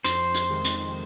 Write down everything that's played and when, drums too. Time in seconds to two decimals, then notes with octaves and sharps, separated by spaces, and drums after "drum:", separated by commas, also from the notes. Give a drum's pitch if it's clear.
0.04 F2 C5, drum: hi-hat
0.34 drum: hi-hat
0.49 C3 D#3 G#3
0.64 drum: hi-hat